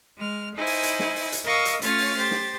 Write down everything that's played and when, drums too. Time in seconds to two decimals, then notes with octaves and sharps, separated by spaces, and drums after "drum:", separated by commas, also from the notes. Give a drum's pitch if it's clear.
0.18 G#3 F6
0.56 D#4 E4 C5 G#5
0.66 drum: open hi-hat
0.83 drum: hi-hat
0.99 drum: snare
1.16 drum: open hi-hat
1.32 drum: hi-hat
1.44 A#4 D#5 F5 C#6 D#6 E6
1.65 drum: hi-hat
1.82 A3 C#4 F4 C#5 F6 A6, drum: hi-hat
1.98 drum: open hi-hat
2.18 G4 C5 A6
2.31 drum: snare